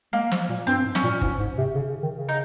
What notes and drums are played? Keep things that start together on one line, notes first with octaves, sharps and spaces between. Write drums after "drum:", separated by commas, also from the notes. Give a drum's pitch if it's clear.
G#3 A#3
F3, drum: snare
A#2
G2 C4
G#2
C#4, drum: snare
A#2
G#2, drum: kick G1
G#2
C3
C#3
C#3
D#3
C#3
D#4